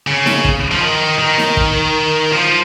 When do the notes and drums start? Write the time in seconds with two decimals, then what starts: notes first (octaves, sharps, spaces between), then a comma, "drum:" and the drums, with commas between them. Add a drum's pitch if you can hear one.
0.07 C#3
0.26 drum: snare D#4
0.44 drum: kick
0.72 F3
0.81 D#3
1.19 D#3
1.38 drum: snare D#4
1.57 drum: kick
2.32 F3